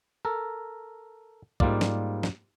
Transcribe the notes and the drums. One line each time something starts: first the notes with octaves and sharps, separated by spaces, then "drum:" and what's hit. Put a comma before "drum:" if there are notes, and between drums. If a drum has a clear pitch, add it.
A4 A#4
G#2 G3 A#3 F4 D5, drum: kick
drum: snare
drum: snare